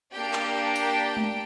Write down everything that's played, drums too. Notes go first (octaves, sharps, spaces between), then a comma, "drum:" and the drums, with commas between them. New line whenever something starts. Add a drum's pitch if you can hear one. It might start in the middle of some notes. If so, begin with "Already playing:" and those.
A#3 D4 G4 G5
drum: clap
G5, drum: tambourine
G5
drum: tom G#3